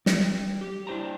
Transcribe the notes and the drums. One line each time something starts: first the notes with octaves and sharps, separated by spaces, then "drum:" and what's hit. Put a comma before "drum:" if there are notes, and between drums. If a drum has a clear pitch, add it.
G3, drum: snare
G4
D4 E4 C5 G5 A#5